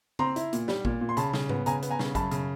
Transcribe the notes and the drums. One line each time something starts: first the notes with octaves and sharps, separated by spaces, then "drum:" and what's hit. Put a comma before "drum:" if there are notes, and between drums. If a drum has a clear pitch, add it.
C4 A#5 C6, drum: tom C#3
E4, drum: hi-hat
A#2, drum: hi-hat
G3, drum: snare
A#2, drum: kick A1
A#2
C6
C#3 A5 B5, drum: hi-hat
C#3, drum: snare
B3, drum: tom G#2
C#3 G#5 A#5, drum: hi-hat
B3, drum: hi-hat
G#5 A#5
C#3, drum: snare
F#2 A5 B5, drum: kick A1, hi-hat
C#3, drum: hi-hat